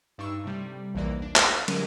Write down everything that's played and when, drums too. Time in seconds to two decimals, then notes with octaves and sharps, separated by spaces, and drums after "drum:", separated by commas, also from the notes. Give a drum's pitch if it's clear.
0.18 G2 D4 D#4 C#6 E6
0.44 A2 C3 G3
0.95 A#1 D#2 E3 A#3 D5
1.22 D4
1.36 drum: clap
1.68 D3 F#3 G#3 C#4 G4 A#4, drum: cymbal